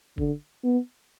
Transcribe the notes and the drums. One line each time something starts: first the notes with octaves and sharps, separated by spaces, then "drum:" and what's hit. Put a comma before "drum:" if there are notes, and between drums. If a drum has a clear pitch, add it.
D3, drum: kick G1
B3